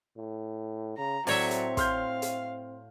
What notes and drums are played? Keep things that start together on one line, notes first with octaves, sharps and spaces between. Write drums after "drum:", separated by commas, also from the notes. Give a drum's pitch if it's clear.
A2
C#3 A#5
A2 F#3 C4 C#5 D5 E5, drum: open hi-hat
drum: hi-hat
F5 C6 F6 G6, drum: kick, hi-hat
drum: hi-hat